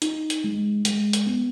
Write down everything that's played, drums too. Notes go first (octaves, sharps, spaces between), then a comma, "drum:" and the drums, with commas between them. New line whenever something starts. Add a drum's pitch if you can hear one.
D#4, drum: hi-hat
drum: hi-hat
G#3
G#3, drum: hi-hat
drum: hi-hat
B3